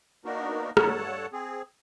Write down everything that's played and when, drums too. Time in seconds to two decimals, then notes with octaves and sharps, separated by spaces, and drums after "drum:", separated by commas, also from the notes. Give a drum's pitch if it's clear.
0.25 A#3 B3 D4 D#4 F#4 A#4
0.77 G2 A4 C#5 F#5 A5, drum: rim click
1.33 C4 G#4